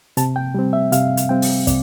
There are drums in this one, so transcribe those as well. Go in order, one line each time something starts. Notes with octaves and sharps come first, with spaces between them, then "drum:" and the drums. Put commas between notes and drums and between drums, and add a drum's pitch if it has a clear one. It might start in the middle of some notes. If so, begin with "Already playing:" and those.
C3 A5, drum: hi-hat
G5
G3 C4
E5
C3 F5, drum: hi-hat
drum: hi-hat
G3 C4 G5
drum: open hi-hat
C3 D5, drum: kick, hi-hat